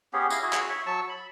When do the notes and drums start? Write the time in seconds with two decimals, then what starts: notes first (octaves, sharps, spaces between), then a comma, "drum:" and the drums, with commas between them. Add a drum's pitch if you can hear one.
0.13 B3 C#4 G4 G#4
0.30 E4 D#5 F5, drum: tambourine
0.43 E4 F#4 G#4
0.53 drum: clap
0.70 C#5 E5
0.86 F#3 A5 C#6 E6
1.09 B5